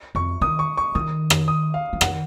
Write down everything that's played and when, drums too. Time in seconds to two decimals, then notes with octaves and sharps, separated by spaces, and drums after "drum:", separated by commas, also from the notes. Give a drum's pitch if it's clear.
0.15 F2 C#6
0.41 D#3 D#6
0.59 C#6
0.77 C#6
0.95 D#3 D#6
1.30 drum: rim click
1.48 D#6
1.74 F5
1.93 F3
2.01 D#3 F#5, drum: rim click